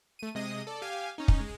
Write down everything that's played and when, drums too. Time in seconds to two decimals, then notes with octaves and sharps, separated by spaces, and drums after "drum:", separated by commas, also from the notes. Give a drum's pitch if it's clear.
0.19 A3 D#7
0.35 C3 G#3 D#5 D#6
0.67 A4 D5
0.82 G4 F5 G#5
1.18 C#4 D#4
1.28 drum: kick
1.40 G#3